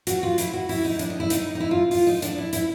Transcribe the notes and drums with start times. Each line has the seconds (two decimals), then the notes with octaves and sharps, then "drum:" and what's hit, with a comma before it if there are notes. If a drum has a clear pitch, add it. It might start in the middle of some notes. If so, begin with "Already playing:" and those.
0.07 F#4, drum: hi-hat
0.23 F4
0.38 E4, drum: hi-hat
0.53 F#4
0.69 E4, drum: open hi-hat
0.85 D#4
0.99 D4, drum: hi-hat
1.10 D#4
1.20 E4
1.30 D#4, drum: hi-hat
1.55 D#4
1.60 E4
1.71 F4
1.91 F4, drum: open hi-hat
2.07 D#4
2.22 D4, drum: hi-hat
2.38 E4
2.53 E4, drum: hi-hat